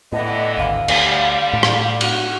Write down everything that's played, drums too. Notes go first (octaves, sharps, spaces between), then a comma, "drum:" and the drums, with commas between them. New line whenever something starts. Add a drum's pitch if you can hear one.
A2 D3 E3 B3 D#5
G#1 D2 F5
D2 D3 G3, drum: cymbal
A2 A3
drum: rim click
F#4, drum: cymbal